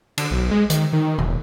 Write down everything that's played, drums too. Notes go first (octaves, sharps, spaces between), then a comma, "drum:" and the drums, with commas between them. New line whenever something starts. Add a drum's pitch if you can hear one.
D3, drum: cymbal
B1
G#3
D#3, drum: hi-hat
D#3
E1, drum: tom A2